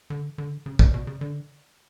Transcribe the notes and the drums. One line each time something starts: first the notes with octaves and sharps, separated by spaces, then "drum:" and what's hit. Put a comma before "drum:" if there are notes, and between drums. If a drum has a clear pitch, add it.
D3
D3
C#3
C#3, drum: kick
B2
C#3
D3